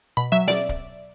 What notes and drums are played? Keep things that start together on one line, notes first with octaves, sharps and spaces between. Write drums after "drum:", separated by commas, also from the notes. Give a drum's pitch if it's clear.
B2 B5
F#3 E5
B2 D5, drum: snare
drum: kick